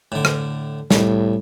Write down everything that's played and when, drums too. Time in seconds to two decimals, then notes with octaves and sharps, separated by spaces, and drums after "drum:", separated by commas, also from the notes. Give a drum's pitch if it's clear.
0.12 A2 D3
0.25 drum: rim click
0.91 C2 A2, drum: snare